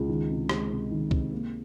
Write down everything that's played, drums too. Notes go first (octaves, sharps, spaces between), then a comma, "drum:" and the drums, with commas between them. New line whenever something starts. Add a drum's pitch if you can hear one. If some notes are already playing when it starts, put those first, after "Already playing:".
Already playing: C#2
D#3
C3
G#3, drum: rim click
C3
D#3
C3, drum: kick C2
A#3